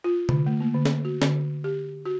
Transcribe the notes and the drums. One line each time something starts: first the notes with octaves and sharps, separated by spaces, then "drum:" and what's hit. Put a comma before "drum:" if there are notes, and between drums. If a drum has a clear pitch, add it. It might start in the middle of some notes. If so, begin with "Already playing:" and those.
F4
D3, drum: tom C3
A3
A#3
D3
drum: snare
F#4
D3, drum: snare
G4
F#4